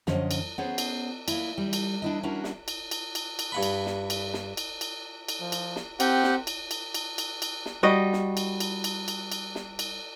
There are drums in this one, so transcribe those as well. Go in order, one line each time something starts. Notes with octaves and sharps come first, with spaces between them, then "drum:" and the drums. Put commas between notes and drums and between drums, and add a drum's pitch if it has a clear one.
F#2 D3 F3 C#4 C#5 D#5, drum: snare
drum: cymbal
B3 C#4 G#4 C5 C#5
drum: cymbal
A#3 E4, drum: cymbal
G3
drum: cymbal
D4 E4 D#5
C#4 D4 E4 F#4 A#4
drum: snare
drum: cymbal
drum: cymbal
drum: cymbal
drum: cymbal
G2 F#5 B5
drum: cymbal
drum: snare
drum: cymbal
drum: snare
drum: cymbal
drum: cymbal
drum: cymbal
F3
drum: cymbal
drum: snare
C4 G4 F#5, drum: cymbal
drum: snare
drum: cymbal
drum: cymbal
drum: cymbal
drum: cymbal
drum: cymbal
drum: snare
G3 F#4 D#5
drum: snare
drum: cymbal
drum: cymbal
drum: cymbal
drum: cymbal
drum: cymbal
drum: snare
drum: cymbal